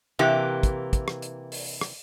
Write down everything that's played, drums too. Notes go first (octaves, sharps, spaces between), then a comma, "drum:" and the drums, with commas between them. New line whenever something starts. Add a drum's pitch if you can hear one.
C3 E3 A#3 G4
drum: kick, hi-hat
drum: kick, hi-hat
drum: rim click
drum: hi-hat
drum: open hi-hat
drum: rim click